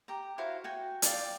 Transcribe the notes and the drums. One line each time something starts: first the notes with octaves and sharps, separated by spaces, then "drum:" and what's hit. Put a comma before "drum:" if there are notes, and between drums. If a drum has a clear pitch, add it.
G4 A#5
E4 F#4 C5 F5
F#4 G5 G#5
D5 F5 G5 G#5, drum: hi-hat